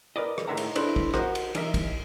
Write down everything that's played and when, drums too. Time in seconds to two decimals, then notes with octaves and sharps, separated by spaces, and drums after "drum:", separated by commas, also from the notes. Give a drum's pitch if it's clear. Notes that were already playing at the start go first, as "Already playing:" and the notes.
0.16 A#4 B4 D5 D#5
0.38 drum: rim click
0.47 A2 D#3 G#3 E5 F#5 A#5
0.57 drum: cymbal
0.76 D4 E4 A4 B4 C5, drum: cymbal
0.96 drum: kick
1.14 F#4 A#4 C5 D#5 F#5, drum: rim click
1.35 drum: cymbal
1.55 E3 D#4 A#4 D#5 E5, drum: cymbal
1.74 drum: kick, cymbal